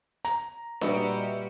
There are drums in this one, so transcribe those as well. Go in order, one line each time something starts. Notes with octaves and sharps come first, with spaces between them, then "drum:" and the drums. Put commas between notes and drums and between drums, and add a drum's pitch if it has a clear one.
A#5, drum: hi-hat
A#2 G3 F#4 B4 D#5 E5, drum: snare D4